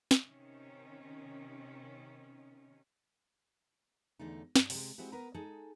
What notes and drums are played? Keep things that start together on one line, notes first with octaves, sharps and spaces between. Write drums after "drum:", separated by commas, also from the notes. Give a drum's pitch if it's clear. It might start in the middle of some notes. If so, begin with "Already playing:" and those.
drum: snare
C3 D#3 C#4
E2 D3 A3 D#4
G2, drum: snare
C3 G#3, drum: open hi-hat
G#3 C4 E4 F#4 G4
B3 A#4 B4 A#5
G#3 D#4 G#4 A4